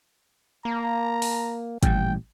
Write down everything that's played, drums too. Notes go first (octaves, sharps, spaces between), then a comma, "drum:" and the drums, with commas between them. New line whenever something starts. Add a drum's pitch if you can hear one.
A#3 A#5
drum: open hi-hat
A1 A#2 G3 G5, drum: kick G#1, hi-hat